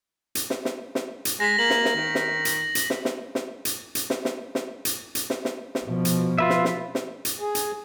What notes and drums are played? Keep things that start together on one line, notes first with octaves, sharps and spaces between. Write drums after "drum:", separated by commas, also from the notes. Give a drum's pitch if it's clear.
drum: hi-hat
drum: snare
drum: snare
drum: snare
drum: hi-hat
G#3 A#6 B6
A#3 F#7
drum: snare
drum: snare
D#3
drum: snare
drum: hi-hat
drum: hi-hat
drum: snare
drum: snare
drum: snare
drum: hi-hat
drum: hi-hat
drum: snare
drum: snare
drum: snare
drum: hi-hat
drum: hi-hat
drum: snare
drum: snare
drum: snare
B2 F3
drum: hi-hat
F4 B4 E5
drum: snare
drum: snare
drum: snare
drum: hi-hat
G#4
drum: hi-hat